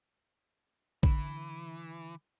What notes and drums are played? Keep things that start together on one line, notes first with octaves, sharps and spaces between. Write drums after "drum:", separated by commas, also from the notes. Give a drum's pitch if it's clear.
D3 E3, drum: kick